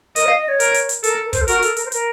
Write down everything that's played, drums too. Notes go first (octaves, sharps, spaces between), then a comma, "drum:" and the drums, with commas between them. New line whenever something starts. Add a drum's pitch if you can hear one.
A#4 D#5, drum: hi-hat
F5
D#5
C#5
A#4, drum: hi-hat
drum: hi-hat
drum: hi-hat
A4 A#4, drum: hi-hat
A#4
C5, drum: kick, hi-hat
A4
F#4 A#4, drum: hi-hat
A4, drum: hi-hat
A#4, drum: hi-hat
C5
A#4, drum: hi-hat